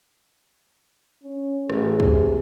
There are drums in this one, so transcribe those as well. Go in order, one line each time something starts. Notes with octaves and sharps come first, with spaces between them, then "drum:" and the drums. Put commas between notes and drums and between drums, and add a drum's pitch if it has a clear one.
C#4
A1 G#4, drum: rim click
C3, drum: kick